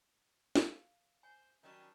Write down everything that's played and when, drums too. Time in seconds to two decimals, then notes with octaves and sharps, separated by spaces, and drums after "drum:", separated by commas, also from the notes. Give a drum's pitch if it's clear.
0.56 F5, drum: snare
1.23 C5 G#5
1.63 D#3 F#3 G3 C#4 D#4 A5